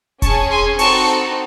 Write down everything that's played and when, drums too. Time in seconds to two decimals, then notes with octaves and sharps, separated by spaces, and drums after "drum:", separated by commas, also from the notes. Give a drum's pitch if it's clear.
0.22 C#4 G#4 A5 C#6, drum: kick E1, hi-hat
0.51 G#5 C6
0.79 C4 D#4 F#4 A4 A5 C#6, drum: open hi-hat